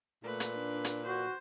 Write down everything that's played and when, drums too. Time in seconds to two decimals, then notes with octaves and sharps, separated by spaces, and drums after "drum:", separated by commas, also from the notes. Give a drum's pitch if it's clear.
0.24 A#2 A3 B4
0.40 drum: hi-hat
0.58 D4
0.85 drum: hi-hat
1.07 F#4 C5